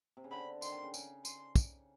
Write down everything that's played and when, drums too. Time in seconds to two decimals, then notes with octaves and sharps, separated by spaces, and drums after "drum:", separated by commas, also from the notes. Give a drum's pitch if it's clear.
0.17 C3
0.24 C#3
0.31 D3 B5
0.62 D#3 C6, drum: tambourine
0.72 D#3
0.83 C#3
0.94 C#3, drum: tambourine
1.25 C6, drum: tambourine
1.56 drum: kick, tambourine